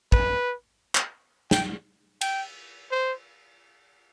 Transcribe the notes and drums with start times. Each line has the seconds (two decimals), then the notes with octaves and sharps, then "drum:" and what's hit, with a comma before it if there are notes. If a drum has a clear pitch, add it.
0.12 B4, drum: kick
0.95 drum: clap
1.51 G5, drum: snare
2.21 G5, drum: cymbal
2.91 C5